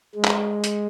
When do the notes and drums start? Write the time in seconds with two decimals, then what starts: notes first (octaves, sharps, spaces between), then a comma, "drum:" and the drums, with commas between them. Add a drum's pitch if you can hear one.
0.15 G#3
0.25 drum: clap
0.64 drum: hi-hat